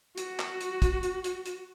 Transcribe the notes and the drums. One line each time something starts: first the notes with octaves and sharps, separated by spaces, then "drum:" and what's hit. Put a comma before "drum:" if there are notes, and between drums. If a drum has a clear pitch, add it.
F#4, drum: hi-hat
drum: clap
drum: hi-hat
drum: kick, hi-hat
drum: hi-hat
drum: hi-hat
drum: hi-hat